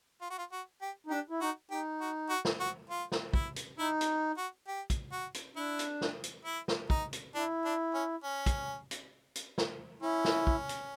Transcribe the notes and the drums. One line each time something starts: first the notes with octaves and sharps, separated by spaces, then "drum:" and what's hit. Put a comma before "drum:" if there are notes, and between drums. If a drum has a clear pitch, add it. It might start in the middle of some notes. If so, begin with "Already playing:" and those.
F4
F#4
F4
F#4
G4
D#4
D4 G4
E4
D#4 F#4
D#4 G4
F#4
F#4
drum: snare
F#4
F4
drum: snare
E4, drum: kick
drum: hi-hat
D#4 E4
drum: hi-hat
F#4
G4
drum: kick, hi-hat
F#4
drum: hi-hat
D4 E4
drum: hi-hat
drum: snare
drum: hi-hat
E4
drum: snare
D#4, drum: kick
drum: hi-hat
D4 E4
D4
C#4
C#4
drum: kick, hi-hat
drum: hi-hat
drum: hi-hat
drum: snare
C#4 E4
drum: snare
drum: kick
drum: hi-hat